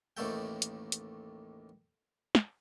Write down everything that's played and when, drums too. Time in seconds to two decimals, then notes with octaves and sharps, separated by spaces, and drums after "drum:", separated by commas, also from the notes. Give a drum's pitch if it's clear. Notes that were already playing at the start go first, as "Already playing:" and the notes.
0.17 A1 D#2 D#3 A3 A4 G5
0.62 drum: hi-hat
0.92 drum: hi-hat
2.35 drum: snare